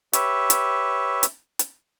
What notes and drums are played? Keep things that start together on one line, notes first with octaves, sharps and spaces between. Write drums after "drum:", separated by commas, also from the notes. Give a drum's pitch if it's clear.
G4 B4 C#5 E5, drum: hi-hat
drum: hi-hat
drum: hi-hat
drum: hi-hat